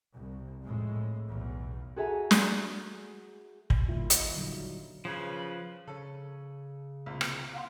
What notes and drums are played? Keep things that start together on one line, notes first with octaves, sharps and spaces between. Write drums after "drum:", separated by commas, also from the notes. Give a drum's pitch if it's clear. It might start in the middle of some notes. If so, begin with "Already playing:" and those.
C2
F2 A2 G#3
B1 E2
F#4 G#4 A4 E5 G#5 A#5
drum: snare
drum: kick
D#3 G3 A#3 E4 F4
D#5, drum: hi-hat
A#2 D3 F#3 G3 D#4 F5
C#3 F3 B4
C#3 C#4 A4
C2 A#2
drum: rim click
F5 F#5 C6